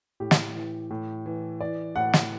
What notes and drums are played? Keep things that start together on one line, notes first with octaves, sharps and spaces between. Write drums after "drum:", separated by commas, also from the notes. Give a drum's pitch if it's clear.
A2 G4
drum: snare
E3
A2
E3
E3 D5
A2 F#5
drum: snare